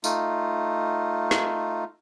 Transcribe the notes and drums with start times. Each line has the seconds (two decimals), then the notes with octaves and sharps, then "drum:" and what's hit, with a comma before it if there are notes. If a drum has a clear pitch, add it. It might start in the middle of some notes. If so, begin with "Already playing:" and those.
0.04 A3 D#4 F4, drum: tambourine
1.31 drum: snare